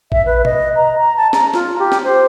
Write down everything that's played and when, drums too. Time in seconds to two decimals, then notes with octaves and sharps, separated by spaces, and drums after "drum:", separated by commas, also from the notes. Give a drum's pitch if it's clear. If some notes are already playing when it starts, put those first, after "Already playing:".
0.12 E5, drum: kick A1
0.26 B4
0.45 D#5, drum: tom B2
0.76 A#5
0.98 A#5
1.17 A5
1.33 A#5, drum: snare
1.54 F4, drum: snare
1.79 G4
1.92 drum: snare
2.04 C5